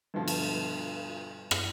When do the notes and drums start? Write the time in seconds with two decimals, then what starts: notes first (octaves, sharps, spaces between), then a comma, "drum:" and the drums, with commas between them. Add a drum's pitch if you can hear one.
0.14 G2 B2 D3 F3
0.28 drum: cymbal
1.51 drum: rim click